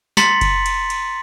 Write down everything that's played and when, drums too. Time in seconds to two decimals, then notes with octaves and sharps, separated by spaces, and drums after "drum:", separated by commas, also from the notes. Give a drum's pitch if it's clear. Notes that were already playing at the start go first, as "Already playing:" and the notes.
0.17 A#5 C6 A6 B6 C#7 F#7, drum: snare
0.41 drum: kick F#1, cymbal
0.66 drum: cymbal
0.90 drum: cymbal